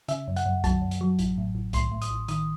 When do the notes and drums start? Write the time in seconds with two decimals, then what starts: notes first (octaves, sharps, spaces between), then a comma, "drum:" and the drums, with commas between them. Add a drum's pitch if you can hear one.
0.08 C#3 E5, drum: hi-hat
0.28 F#2
0.36 F#5, drum: hi-hat
0.46 F#2
0.64 F#3 A5, drum: kick C2, hi-hat
0.82 F#2
0.91 drum: hi-hat
1.01 F#3
1.19 A1, drum: hi-hat
1.38 A2
1.55 A1
1.73 A2 C6, drum: kick C2, hi-hat
1.92 A2
2.02 D#6, drum: hi-hat
2.11 A1
2.28 D#3 D#6, drum: hi-hat